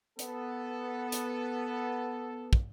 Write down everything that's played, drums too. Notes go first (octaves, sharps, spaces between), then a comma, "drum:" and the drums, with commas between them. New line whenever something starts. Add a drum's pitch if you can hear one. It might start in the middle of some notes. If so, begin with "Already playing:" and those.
B3 A4, drum: hi-hat
drum: hi-hat
drum: kick